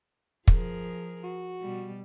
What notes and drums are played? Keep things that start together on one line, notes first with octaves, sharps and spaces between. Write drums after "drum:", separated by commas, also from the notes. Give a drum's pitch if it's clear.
F3 G#4 A#4, drum: kick
F#4
B2 G3